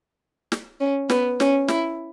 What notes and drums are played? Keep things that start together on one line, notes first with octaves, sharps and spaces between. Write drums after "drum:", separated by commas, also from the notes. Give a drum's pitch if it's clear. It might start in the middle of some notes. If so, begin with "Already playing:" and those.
drum: snare
C#4
B3, drum: snare
C#4, drum: snare
E4, drum: snare